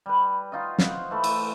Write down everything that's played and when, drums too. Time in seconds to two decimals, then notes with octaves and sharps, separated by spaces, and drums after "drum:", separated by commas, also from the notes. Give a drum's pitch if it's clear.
0.06 G3 B4
0.52 D#4 F4 F#4 D#5
0.78 C5 F5 F#5, drum: snare
1.11 E3 A3
1.24 drum: cymbal